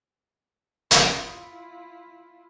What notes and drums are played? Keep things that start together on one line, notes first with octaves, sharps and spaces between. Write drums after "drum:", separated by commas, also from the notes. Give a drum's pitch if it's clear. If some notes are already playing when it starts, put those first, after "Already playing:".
E4 F4 F#5 D#6, drum: hi-hat